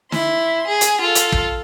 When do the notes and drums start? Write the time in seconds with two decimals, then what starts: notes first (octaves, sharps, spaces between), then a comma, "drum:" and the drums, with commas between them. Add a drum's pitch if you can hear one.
0.12 E4 C6, drum: snare
0.68 G#4
0.81 drum: hi-hat
1.01 F4 A4
1.15 drum: hi-hat
1.32 drum: kick